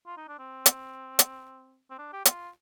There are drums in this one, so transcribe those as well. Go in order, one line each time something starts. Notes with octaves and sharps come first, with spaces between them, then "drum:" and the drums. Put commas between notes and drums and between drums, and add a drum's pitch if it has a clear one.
F4
D#4
D4
C4
drum: hi-hat
drum: hi-hat
C4
D4
G4
F4, drum: hi-hat